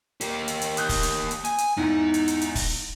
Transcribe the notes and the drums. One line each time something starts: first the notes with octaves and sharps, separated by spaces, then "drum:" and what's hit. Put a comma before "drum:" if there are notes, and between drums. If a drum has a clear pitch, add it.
A#3 G4, drum: hi-hat
drum: hi-hat
drum: hi-hat
D#6 F#6 G6, drum: hi-hat
drum: kick, open hi-hat
drum: hi-hat
drum: hi-hat
G#5, drum: hi-hat
drum: hi-hat
E2 G#2 D#4
drum: hi-hat
drum: hi-hat
drum: hi-hat
drum: kick, open hi-hat